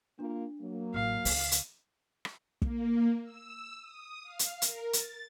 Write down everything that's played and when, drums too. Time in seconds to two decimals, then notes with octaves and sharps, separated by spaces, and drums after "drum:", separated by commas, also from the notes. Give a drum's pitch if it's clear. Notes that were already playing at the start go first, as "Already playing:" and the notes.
0.19 A#3 D4 F4
0.61 F#3 A#3
0.94 A1 F5 F6
1.25 C#2 C#3, drum: open hi-hat
1.52 drum: hi-hat
2.25 drum: rim click
2.62 A#3, drum: kick
3.23 E6
3.79 D#6
4.23 F5
4.39 drum: hi-hat
4.62 A#4, drum: hi-hat
4.93 A6, drum: hi-hat